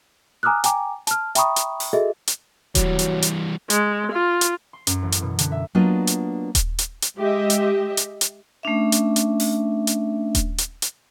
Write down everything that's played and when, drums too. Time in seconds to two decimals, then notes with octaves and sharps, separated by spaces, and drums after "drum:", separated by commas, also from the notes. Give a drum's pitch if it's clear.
0.43 G#5 A#5 D6 D#6 F6 F#6
0.64 G5 G#5 A#5 D6, drum: hi-hat
1.07 A5 F6, drum: hi-hat
1.35 E5 G5 A#5 B5 C#6 D#6, drum: hi-hat
1.56 drum: hi-hat
1.80 drum: open hi-hat
1.93 F#4 G#4 A4 D#5 E5
2.27 drum: hi-hat
2.75 E3 F#3 G3, drum: kick D#1, hi-hat
2.99 drum: hi-hat
3.22 drum: hi-hat
3.70 G#3, drum: hi-hat
4.12 F4
4.41 drum: hi-hat
4.73 C6
4.87 F#2, drum: hi-hat
5.02 A1
5.12 drum: hi-hat
5.22 B2
5.39 D3, drum: hi-hat
5.52 E5
5.75 F#3 A#3 B3 D4 F4 D#5
6.07 drum: hi-hat
6.55 drum: kick D#1, hi-hat
6.78 drum: hi-hat
7.02 drum: hi-hat
7.18 G#3 G4 D#5 E5
7.50 drum: hi-hat
7.97 drum: hi-hat
8.21 drum: hi-hat
8.63 A3 C#4 D4 E5
8.92 drum: hi-hat
9.16 drum: hi-hat
9.40 drum: open hi-hat
9.87 drum: hi-hat
10.35 drum: kick D#1, hi-hat
10.58 drum: hi-hat
10.82 drum: hi-hat